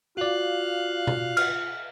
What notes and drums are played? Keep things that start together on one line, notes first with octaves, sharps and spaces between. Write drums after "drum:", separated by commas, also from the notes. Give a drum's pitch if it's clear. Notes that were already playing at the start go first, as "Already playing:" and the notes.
F4 F#4 D5 F5 F#6
drum: tom B2
F6, drum: cymbal